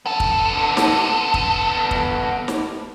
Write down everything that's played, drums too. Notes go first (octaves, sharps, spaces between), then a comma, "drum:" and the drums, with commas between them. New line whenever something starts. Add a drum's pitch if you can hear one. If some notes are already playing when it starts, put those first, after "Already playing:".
B3 A4
drum: kick
drum: snare
drum: kick
drum: kick
drum: snare